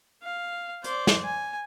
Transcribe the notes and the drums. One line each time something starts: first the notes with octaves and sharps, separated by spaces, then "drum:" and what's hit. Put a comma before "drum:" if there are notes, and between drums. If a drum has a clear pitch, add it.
F5
C5 D5, drum: hi-hat
drum: snare
G#5